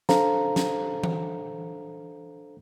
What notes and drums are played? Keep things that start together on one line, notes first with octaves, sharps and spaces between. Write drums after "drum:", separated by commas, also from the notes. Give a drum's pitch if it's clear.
D4 A4 C5 F5 A#5, drum: snare
drum: snare
drum: tom E3